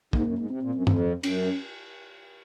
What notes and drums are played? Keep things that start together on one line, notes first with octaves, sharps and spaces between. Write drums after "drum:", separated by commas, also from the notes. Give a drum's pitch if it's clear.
G#2 A#3, drum: kick
F#2
G#2
C3 C4
A#2
F#2
F2, drum: tom G2
F#2 C#4, drum: cymbal